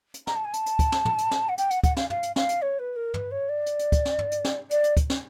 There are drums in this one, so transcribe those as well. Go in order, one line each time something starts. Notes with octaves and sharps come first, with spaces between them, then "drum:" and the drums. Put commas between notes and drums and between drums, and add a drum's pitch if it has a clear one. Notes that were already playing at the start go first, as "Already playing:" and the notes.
drum: hi-hat
A#5, drum: snare
A5
G#5
A5, drum: hi-hat
drum: hi-hat
drum: kick, hi-hat
drum: snare
drum: tom
drum: hi-hat
drum: snare
F#5
G5, drum: hi-hat
F#5, drum: hi-hat
F#5, drum: kick, hi-hat
F5, drum: snare
F5, drum: tom
drum: hi-hat
F5, drum: snare
drum: hi-hat
C#5
B4
A#4
B4, drum: tom
C#5
D5
drum: hi-hat
drum: hi-hat
drum: kick, hi-hat
drum: snare
drum: tom
drum: hi-hat
drum: snare
D5, drum: hi-hat
drum: hi-hat
drum: kick, hi-hat
drum: snare